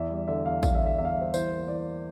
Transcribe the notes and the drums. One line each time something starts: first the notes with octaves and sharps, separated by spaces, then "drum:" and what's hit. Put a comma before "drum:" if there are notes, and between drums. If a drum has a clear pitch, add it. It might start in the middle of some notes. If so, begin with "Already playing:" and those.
Already playing: E2 E5
G3
D3 E5
E2 F5
G3 F5, drum: kick, tambourine
E5
D3
E5
E2 E5
F5
E5
G3 C5
E3 C5, drum: tambourine
A#3
E3 D5